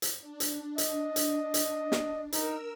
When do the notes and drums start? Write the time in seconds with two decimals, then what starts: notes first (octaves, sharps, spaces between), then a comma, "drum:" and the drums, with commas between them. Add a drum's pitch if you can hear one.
0.02 drum: hi-hat
0.20 D4
0.40 drum: hi-hat
0.78 D#5, drum: hi-hat
1.16 drum: hi-hat
1.54 drum: hi-hat
1.92 drum: snare
2.32 D#4 A#4 E6, drum: hi-hat